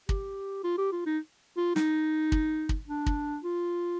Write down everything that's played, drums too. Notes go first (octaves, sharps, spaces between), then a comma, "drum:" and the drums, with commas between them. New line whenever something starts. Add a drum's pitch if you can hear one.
G4, drum: kick
F4
G4
F4
D#4
F4
D#4, drum: snare
drum: kick
drum: kick
D4
drum: kick
F4